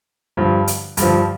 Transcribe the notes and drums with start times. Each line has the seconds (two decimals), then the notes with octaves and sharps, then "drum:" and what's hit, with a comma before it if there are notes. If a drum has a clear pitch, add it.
0.37 G2 D3 F3
0.67 drum: hi-hat
0.97 G2 D3 F3, drum: hi-hat